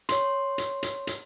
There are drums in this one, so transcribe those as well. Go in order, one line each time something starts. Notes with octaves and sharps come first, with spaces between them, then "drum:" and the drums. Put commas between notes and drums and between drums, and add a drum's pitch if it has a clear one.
C#5 C6, drum: hi-hat
drum: hi-hat
drum: hi-hat
drum: hi-hat